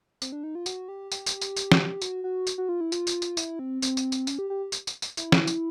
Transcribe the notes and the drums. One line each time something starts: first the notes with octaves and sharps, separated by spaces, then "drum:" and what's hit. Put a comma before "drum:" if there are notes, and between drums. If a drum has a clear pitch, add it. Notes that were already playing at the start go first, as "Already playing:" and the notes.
C4, drum: tambourine
D4
D#4
F4
F#4, drum: tambourine
G4
G4, drum: tambourine
drum: tambourine
drum: tambourine
drum: tambourine
drum: snare
F#4, drum: tambourine
F#4
drum: tambourine
F#4
F4
E4
F4, drum: tambourine
drum: tambourine
drum: tambourine
E4, drum: tambourine
C4
C4, drum: tambourine
drum: tambourine
drum: tambourine
C#4, drum: tambourine
G4
G4
drum: tambourine
drum: tambourine
drum: tambourine
E4, drum: tambourine
drum: snare
drum: tambourine